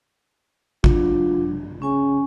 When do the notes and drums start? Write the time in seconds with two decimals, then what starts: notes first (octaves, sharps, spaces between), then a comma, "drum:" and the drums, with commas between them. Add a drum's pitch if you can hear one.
0.84 F#3 D4 F4, drum: kick A1
1.82 C#3 C#4 G#5 C#6